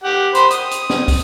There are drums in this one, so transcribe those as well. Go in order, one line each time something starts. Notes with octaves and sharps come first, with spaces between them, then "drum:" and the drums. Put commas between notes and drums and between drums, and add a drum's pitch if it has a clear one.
G4 F#5
C5 B5 C6, drum: hi-hat
D#6, drum: hi-hat
drum: hi-hat
drum: snare
drum: kick, open hi-hat